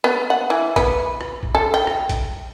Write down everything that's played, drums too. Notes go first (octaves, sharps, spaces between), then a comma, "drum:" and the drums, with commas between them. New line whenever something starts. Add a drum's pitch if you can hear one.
B3
F#5
E3
B3, drum: kick, hi-hat
drum: rim click
drum: kick
A4
G5
drum: rim click
drum: kick, hi-hat